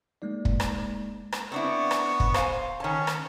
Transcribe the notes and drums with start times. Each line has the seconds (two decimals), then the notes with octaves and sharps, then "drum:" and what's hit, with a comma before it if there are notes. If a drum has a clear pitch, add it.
0.22 G#3 A#3 D#4 D5
0.45 drum: kick
0.60 drum: rim click
1.32 drum: rim click
1.52 B3 C4 D4 E4 C#6
1.91 drum: rim click
2.20 drum: kick
2.34 C5 F5 G#5, drum: rim click
2.80 D#3 C#4 A5
3.07 drum: rim click